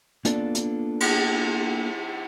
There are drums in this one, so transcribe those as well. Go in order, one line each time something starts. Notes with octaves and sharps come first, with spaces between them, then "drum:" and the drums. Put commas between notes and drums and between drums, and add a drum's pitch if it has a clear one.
A#3 B3 D4 F4 A4 D5, drum: hi-hat
drum: hi-hat
drum: cymbal